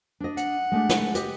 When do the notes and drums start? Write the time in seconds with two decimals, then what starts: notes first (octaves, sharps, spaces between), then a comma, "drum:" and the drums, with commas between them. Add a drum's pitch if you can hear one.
0.20 D4 D#5
0.37 F#5, drum: hi-hat
0.72 G#3 A3 D4
0.89 drum: snare
1.15 G4 B4 D#5, drum: hi-hat